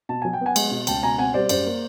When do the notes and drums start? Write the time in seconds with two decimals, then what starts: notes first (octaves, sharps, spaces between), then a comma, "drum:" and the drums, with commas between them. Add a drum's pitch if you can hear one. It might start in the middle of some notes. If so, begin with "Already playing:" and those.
0.09 B2 A5
0.22 F#3 G#5
0.33 G5
0.41 B3 F#5 G#5
0.56 G#3, drum: cymbal
0.71 B2
0.87 C#2 G5 A5, drum: cymbal
1.03 B2 G#5 A#5
1.18 C4 F#5 G#5
1.34 G3 C5 D5
1.49 F#2 C5 D5, drum: cymbal
1.66 A#3